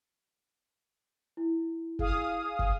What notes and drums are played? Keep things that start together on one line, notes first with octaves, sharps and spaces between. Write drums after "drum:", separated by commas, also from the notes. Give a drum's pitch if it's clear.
E4
G#4 F5 D#6, drum: kick
drum: kick